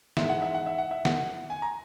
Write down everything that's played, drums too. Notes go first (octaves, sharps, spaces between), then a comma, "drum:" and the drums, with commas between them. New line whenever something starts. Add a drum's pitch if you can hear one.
G#2 E3 G#3 E5, drum: snare
F#5
E5
F#5
E5
F#5
E5
F#5, drum: snare
G#5
A#5